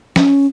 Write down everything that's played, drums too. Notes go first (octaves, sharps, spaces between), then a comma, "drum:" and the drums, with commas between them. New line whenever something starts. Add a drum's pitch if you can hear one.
C#4, drum: snare